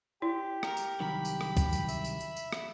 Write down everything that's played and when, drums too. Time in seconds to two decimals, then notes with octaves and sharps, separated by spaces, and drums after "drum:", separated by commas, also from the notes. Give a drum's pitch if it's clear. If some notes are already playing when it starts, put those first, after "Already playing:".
0.22 E4 G4
0.63 A#4 A#5, drum: rim click
0.77 drum: tambourine
1.00 C2 D#3 F#3 B5
1.25 drum: tambourine
1.41 drum: rim click
1.57 drum: kick, tambourine
1.73 drum: tambourine
1.89 E5, drum: tambourine
2.05 drum: tambourine
2.21 drum: tambourine
2.37 drum: tambourine
2.52 drum: rim click